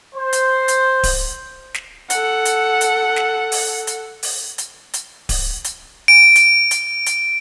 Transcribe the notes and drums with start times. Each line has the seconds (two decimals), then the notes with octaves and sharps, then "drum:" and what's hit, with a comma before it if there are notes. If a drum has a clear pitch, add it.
0.14 C5
0.33 drum: hi-hat
0.68 drum: hi-hat
1.03 drum: kick D1, open hi-hat
1.74 drum: snare
2.10 A4 F#5, drum: hi-hat
2.45 drum: hi-hat
2.81 drum: hi-hat
3.16 drum: snare
3.52 drum: open hi-hat
3.87 drum: hi-hat
4.23 drum: open hi-hat
4.58 drum: hi-hat
4.94 drum: hi-hat
5.29 drum: kick D1, open hi-hat
5.64 drum: hi-hat
6.08 D7
6.35 drum: hi-hat
6.71 drum: hi-hat
7.06 drum: hi-hat